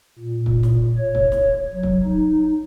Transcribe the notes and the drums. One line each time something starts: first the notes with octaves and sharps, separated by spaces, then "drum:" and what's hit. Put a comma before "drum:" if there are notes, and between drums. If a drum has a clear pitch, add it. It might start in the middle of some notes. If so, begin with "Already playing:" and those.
A#2
drum: kick
drum: snare
C#5
drum: kick
drum: snare
F#3
drum: kick
D#4